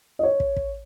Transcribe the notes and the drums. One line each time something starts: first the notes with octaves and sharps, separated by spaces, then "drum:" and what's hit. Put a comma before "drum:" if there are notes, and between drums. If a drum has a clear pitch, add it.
D#5
C#5
drum: kick
drum: kick